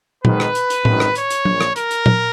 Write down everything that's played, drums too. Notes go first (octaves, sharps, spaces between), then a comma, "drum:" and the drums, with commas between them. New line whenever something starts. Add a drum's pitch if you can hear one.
G#1 G#2 D#3 B4, drum: tom A#2
drum: rim click
drum: hi-hat
drum: hi-hat
G#1 F#2 D#3, drum: tom A2
drum: rim click
C#5, drum: hi-hat
drum: hi-hat
A#1 A#2, drum: tom F#3
drum: rim click
A#4, drum: hi-hat
drum: hi-hat
drum: tom A#2